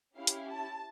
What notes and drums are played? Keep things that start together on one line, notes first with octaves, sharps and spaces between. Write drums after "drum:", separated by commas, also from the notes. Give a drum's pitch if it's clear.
C#4 E4 G4 F5
drum: hi-hat
A5